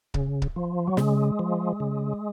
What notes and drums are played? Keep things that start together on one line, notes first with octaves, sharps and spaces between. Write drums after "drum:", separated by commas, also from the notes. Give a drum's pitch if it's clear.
C#3, drum: kick C#1
drum: kick C#1
F3
F#3
C#3 G#3, drum: snare
F3
C#3